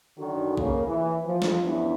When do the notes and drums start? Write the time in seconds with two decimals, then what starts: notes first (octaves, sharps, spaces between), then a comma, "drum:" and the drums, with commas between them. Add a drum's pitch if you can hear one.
0.18 F#2 D3 D#3 D#4 F#4
0.57 C#3 A#3, drum: kick A1
0.87 E3
1.24 F3
1.42 drum: snare
1.63 E2 G2 B3 C#4 D4 E4